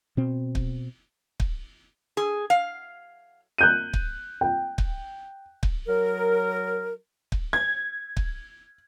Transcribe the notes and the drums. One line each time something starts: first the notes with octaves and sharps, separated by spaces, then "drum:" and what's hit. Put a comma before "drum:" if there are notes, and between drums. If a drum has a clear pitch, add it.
B2 C4
drum: kick
drum: kick
G#4
F5
F#6 G6 D#7
drum: kick
G5
drum: kick
drum: kick
F#3 A#4
drum: kick
G#6
drum: kick